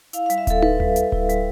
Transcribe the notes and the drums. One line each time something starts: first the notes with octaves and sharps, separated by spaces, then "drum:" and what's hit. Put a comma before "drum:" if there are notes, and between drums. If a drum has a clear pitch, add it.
E4 F5, drum: hi-hat
F5
G3, drum: hi-hat
E5
C4 A4, drum: kick D1, hi-hat
G3 B4, drum: tom
G3, drum: tom D2
G3, drum: hi-hat
E4, drum: kick D1
G3, drum: hi-hat